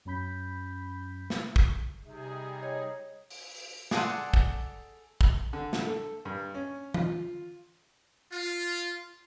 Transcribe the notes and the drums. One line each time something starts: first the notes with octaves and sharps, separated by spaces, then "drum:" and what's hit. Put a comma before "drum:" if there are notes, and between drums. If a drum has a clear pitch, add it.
F#2 F#3 C#4 B5 G6 B6
drum: snare
drum: kick
C3 G3 D#4 G#4
C#5 D#5 G#6
drum: open hi-hat
drum: open hi-hat
G#4 A4 D5 F#5 G#5 A5 C6, drum: snare
drum: kick
drum: kick
D3
drum: snare
A4
G2
C#4
F4, drum: tom E3
F4